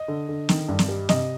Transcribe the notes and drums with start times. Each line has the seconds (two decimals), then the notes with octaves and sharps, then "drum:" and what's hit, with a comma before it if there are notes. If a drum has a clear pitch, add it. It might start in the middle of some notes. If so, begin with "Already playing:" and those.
Already playing: D#5
0.08 D3
0.29 D3
0.49 D#3, drum: snare
0.69 G2
0.79 drum: snare
0.89 G3
1.09 C3 D#5, drum: snare